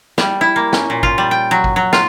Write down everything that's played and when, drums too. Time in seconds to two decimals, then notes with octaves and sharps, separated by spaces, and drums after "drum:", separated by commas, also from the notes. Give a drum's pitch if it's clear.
0.18 G3, drum: snare
0.41 E4
0.56 A#3
0.73 C#4, drum: snare
0.90 A#2
1.03 F4, drum: kick
1.18 G3
1.31 G5
1.51 F#3
1.64 drum: kick
1.76 F#3
1.93 F4, drum: snare